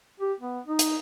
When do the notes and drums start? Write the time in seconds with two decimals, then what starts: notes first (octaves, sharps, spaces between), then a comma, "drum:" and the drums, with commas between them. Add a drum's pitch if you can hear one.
0.20 G4
0.40 B3
0.66 D#4
0.79 drum: hi-hat